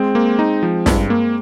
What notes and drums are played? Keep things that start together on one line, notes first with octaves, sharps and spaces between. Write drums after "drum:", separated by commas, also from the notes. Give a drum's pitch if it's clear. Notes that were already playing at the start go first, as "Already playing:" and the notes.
Already playing: G#3 C4
A#3
D#4
F3
G2, drum: snare
A#3